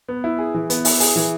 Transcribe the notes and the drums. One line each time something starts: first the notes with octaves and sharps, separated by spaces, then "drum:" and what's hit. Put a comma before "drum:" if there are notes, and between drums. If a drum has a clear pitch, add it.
B3
E4
G#4
E3
B3, drum: hi-hat
E4, drum: open hi-hat
G#4, drum: open hi-hat
E3